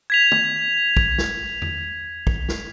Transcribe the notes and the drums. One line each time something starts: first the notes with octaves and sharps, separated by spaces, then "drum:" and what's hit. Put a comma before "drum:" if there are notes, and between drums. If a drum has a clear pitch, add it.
G#6 B6 F7
drum: tom
drum: kick
drum: snare
drum: tom E2
drum: kick
drum: snare